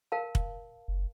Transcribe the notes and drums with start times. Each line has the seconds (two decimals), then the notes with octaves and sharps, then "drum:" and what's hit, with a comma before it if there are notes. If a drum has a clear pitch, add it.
0.12 A#4 F5 A5
0.35 drum: kick
0.88 F#1